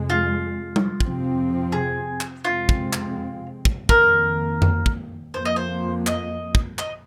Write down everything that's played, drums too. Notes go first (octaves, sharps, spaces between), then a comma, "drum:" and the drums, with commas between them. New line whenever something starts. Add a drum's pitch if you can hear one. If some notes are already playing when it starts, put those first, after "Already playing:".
Already playing: F2 C3 G#3
F4
drum: tom G3
F2 C3 F3 C4, drum: kick
G#4
drum: clap
F2 C3 G#3 C4 F4
drum: kick
drum: clap
drum: kick
F2 D#3 A#3 A#4, drum: kick
drum: tom F2
drum: kick
F2 F3 A#3 C5
D#5
C5
D#5, drum: clap
drum: kick
D#5, drum: clap